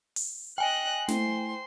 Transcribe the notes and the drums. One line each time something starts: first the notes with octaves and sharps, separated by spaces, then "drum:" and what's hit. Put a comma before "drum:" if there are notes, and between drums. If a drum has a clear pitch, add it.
drum: open hi-hat
D#5 G5 G#5 F#6
A3 E4 C5 C6, drum: snare